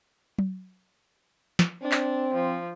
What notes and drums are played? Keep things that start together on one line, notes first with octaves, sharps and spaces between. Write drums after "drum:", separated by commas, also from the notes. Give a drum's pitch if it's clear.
drum: tom F#3
drum: snare
C4 D4
drum: clap
F3